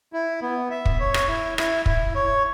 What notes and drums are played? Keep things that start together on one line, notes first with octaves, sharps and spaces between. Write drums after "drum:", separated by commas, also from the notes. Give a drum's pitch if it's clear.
E4
B3
E5
drum: kick
C#5
drum: rim click
E4
E4, drum: rim click
E4, drum: kick
C#5